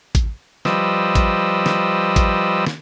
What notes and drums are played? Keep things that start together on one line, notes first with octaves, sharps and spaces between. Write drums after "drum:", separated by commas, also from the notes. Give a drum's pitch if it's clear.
drum: kick A1, hi-hat
F3 G3 B4 D#5 E6, drum: snare
drum: kick A1, hi-hat
drum: snare
drum: kick A1, hi-hat
drum: snare